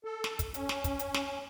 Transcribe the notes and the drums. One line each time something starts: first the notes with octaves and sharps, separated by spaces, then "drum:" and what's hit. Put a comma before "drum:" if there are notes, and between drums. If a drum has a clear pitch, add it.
A4
drum: snare
drum: kick, hi-hat
C#4, drum: hi-hat
drum: snare
drum: kick, hi-hat
drum: hi-hat
drum: snare